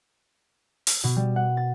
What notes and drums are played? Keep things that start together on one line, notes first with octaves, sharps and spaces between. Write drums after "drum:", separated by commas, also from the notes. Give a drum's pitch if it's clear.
drum: open hi-hat
B2
G3
F#5
A6